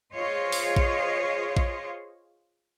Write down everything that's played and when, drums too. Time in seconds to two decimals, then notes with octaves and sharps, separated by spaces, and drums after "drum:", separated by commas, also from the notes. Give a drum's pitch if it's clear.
0.12 F4 G#4 C5 C#5 D#5
0.52 drum: open hi-hat
0.76 drum: kick A#1
1.57 drum: kick A#1